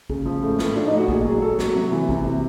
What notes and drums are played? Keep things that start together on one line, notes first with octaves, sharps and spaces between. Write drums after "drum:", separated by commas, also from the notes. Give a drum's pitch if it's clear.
C#3, drum: kick
F3
A2
A2, drum: snare
F3 D4
D#4
A2
F#4
A#2 G#4, drum: kick
F#3 G#4
F#3 A4
F#3, drum: snare
C3
E3
C3, drum: kick
C3